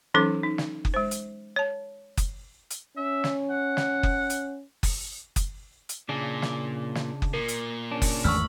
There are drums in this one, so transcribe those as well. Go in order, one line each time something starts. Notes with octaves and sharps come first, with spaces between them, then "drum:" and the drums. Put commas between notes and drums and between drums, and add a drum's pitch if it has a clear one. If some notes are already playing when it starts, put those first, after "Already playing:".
E3 F#3 C#4 D#4 A4 D6
D#4
drum: snare
drum: kick F#1
G#3 C5
drum: hi-hat
C#5 A5
drum: kick F#1, hi-hat
drum: hi-hat
C#4 E5
drum: snare
F#5
drum: snare
drum: kick F#1
drum: hi-hat
drum: kick F#1, open hi-hat
drum: kick F#1, hi-hat
drum: hi-hat
A#2 C#3 D4 G#4
drum: snare
drum: snare
drum: kick F#1
A#2 A#4
drum: hi-hat
C#3 C#4 D4
drum: kick F#1, open hi-hat
G#1 E2 A3 B5 C#6 E6 F6